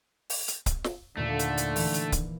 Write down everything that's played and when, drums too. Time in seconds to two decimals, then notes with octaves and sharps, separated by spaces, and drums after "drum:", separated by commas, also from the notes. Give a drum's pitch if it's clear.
0.30 drum: open hi-hat
0.48 drum: hi-hat
0.66 drum: kick C#1, hi-hat
0.84 drum: snare
1.17 D#2 A#2 D3 A3
1.39 drum: hi-hat
1.57 drum: hi-hat
1.76 E3, drum: open hi-hat
1.94 drum: hi-hat
2.12 drum: kick C#1, hi-hat